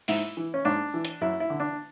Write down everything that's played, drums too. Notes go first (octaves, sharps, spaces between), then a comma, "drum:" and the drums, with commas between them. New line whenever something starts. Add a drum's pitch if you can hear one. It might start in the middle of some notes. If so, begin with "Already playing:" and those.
G#2 E4, drum: open hi-hat
E3
C#4
G#2 D4
E3
drum: hi-hat
F#2 E4
E4
D3
D4